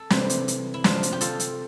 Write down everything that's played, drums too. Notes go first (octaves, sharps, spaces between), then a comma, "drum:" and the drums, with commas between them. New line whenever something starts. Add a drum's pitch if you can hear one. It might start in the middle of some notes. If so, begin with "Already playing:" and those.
Already playing: A4
C3 E3 G3 E4 G4, drum: snare
drum: hi-hat
drum: hi-hat
E4
C3 F3 D4 F4, drum: snare
drum: hi-hat
G4
F4 A4, drum: hi-hat
drum: hi-hat